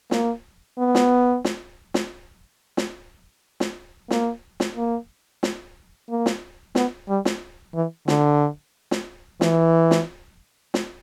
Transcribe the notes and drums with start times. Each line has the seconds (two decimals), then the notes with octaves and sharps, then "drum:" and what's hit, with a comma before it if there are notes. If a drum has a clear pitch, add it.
0.11 A#3, drum: snare
0.78 B3
0.95 drum: snare
1.45 drum: snare
1.94 drum: snare
2.77 drum: snare
3.60 drum: snare
4.11 A#3, drum: snare
4.60 drum: snare
4.76 A#3
5.43 drum: snare
6.09 A#3
6.26 drum: snare
6.75 B3, drum: snare
7.09 G3
7.25 drum: snare
7.75 E3
8.08 D3, drum: snare
8.91 drum: snare
9.41 E3, drum: snare
9.91 drum: snare
10.74 drum: snare